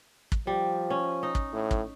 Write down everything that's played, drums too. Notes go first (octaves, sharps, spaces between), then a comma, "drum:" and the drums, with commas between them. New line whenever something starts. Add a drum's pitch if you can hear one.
drum: kick
F3 G3
C#4
D#4
drum: kick
A2
drum: kick